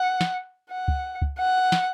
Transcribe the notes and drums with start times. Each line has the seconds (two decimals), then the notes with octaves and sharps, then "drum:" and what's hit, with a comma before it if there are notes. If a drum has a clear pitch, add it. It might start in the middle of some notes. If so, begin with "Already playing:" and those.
Already playing: F#5
0.21 drum: snare
0.71 F#5
0.88 drum: kick
1.22 drum: kick
1.39 F#5
1.72 drum: snare